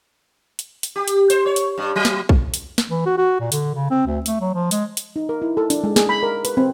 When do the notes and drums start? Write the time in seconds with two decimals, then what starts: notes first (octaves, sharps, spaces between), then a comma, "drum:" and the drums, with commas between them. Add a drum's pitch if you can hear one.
0.59 drum: hi-hat
0.83 drum: hi-hat
0.96 G4
1.08 drum: hi-hat
1.30 C5, drum: hi-hat
1.46 C#5
1.56 drum: hi-hat
1.78 G2
1.96 F#3
2.05 drum: snare
2.29 drum: kick
2.54 drum: hi-hat
2.78 drum: snare
2.90 E3
3.06 F#4
3.18 F#4
3.40 A#2
3.52 D3, drum: hi-hat
3.75 C#3
3.91 C4
4.06 D2
4.26 A3, drum: hi-hat
4.41 F#3
4.54 F3
4.71 G#3, drum: hi-hat
4.97 drum: hi-hat
5.16 D#4
5.29 A#4
5.42 E4
5.57 A4
5.70 D4, drum: hi-hat
5.84 G#3
5.96 G#4, drum: snare
6.09 B5
6.23 A#4
6.45 B4, drum: hi-hat
6.57 C4